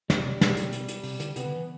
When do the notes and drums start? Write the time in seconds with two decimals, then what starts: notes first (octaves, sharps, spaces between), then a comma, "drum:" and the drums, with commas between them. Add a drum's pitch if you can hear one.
0.10 C3 G3, drum: snare
0.41 B2, drum: snare
0.57 drum: hi-hat
0.73 drum: hi-hat
0.88 drum: hi-hat
1.03 C3, drum: open hi-hat
1.20 D3, drum: hi-hat
1.36 C3 B3, drum: hi-hat
1.45 D3
1.56 E3